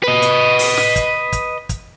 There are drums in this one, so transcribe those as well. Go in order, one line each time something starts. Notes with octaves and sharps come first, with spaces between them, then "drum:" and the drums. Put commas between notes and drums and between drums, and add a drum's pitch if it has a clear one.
B4 D#5
drum: hi-hat
drum: open hi-hat
drum: snare
drum: kick, hi-hat
drum: kick, hi-hat
drum: kick, hi-hat